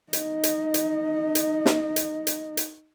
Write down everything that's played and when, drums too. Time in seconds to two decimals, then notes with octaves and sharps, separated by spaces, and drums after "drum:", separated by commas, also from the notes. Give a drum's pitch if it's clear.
0.13 D#4 D#5, drum: hi-hat
0.43 drum: hi-hat
0.74 drum: hi-hat
1.35 drum: hi-hat
1.66 drum: snare
1.96 drum: hi-hat
2.27 drum: hi-hat
2.57 drum: hi-hat